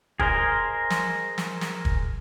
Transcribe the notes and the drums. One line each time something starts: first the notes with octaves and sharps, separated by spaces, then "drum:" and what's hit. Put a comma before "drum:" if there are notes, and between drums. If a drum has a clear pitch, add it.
G#4 A#4 C5 D#5, drum: kick
drum: snare
drum: snare
drum: snare
drum: kick